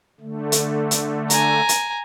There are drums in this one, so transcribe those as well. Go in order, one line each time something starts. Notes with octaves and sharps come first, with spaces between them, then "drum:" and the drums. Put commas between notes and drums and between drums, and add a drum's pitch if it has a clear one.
D3 A3
drum: hi-hat
drum: hi-hat
G#5 A#5, drum: hi-hat
drum: hi-hat